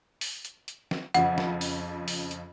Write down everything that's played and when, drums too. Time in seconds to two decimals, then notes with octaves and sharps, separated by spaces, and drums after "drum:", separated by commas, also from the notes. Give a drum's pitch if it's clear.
0.21 drum: open hi-hat
0.45 drum: hi-hat
0.68 drum: hi-hat
0.91 drum: snare
1.14 F2 C#3 F3 F#5, drum: hi-hat
1.38 drum: snare
1.61 drum: open hi-hat
2.08 drum: open hi-hat
2.31 drum: hi-hat